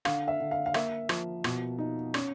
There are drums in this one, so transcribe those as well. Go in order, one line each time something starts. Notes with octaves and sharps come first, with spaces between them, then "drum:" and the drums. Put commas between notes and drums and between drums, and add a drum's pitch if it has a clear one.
D3 F5, drum: rim click
E5
D3
F5
F5
A#3 E5, drum: rim click
F3, drum: rim click
B2, drum: rim click
D#4
C#4, drum: rim click